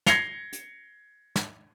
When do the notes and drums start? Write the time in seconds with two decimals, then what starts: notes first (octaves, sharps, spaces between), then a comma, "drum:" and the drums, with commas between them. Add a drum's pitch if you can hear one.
0.06 G#6 A#6 C7 C#7 F7 G7, drum: snare
0.53 drum: hi-hat
1.36 drum: snare